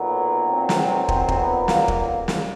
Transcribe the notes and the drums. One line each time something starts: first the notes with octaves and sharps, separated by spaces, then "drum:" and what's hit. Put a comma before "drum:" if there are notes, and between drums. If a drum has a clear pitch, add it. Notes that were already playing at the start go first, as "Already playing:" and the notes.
Already playing: B1 A#2 F#3 B3
C4
drum: snare
C4, drum: kick
drum: kick
B3
A#3, drum: snare
drum: kick
drum: snare